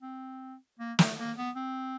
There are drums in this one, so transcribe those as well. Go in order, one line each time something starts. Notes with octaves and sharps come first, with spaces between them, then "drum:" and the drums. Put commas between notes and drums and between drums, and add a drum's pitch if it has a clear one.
C4
A#3
A3, drum: snare
A#3
B3
C4